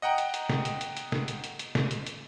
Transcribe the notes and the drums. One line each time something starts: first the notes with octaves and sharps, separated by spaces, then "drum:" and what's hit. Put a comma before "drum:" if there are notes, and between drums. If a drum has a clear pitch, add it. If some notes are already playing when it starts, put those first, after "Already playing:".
D#5 F#5 G5 A#5
drum: hi-hat
drum: hi-hat
drum: snare
drum: hi-hat
drum: hi-hat
drum: hi-hat
drum: snare
drum: hi-hat
drum: hi-hat
drum: hi-hat
drum: snare
drum: hi-hat
drum: hi-hat